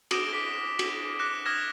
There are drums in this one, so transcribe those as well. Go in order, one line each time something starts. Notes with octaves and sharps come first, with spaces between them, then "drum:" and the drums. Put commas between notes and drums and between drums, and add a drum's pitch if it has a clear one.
D6 D#6 A#6 D7 E7 G7, drum: cymbal
D6 B6 D7 G7
E7
drum: cymbal
D6 F#6 A#6 C#7 E7
D6 D#6 F6 G#6 A#6 E7